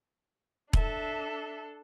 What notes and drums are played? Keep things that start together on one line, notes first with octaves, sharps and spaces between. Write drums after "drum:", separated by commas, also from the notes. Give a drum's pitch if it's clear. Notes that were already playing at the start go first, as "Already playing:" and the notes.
D4 A4 E5, drum: kick E1